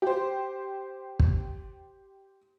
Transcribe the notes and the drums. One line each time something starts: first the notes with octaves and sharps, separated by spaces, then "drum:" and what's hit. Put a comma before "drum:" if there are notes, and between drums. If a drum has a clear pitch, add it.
G4 C5
drum: kick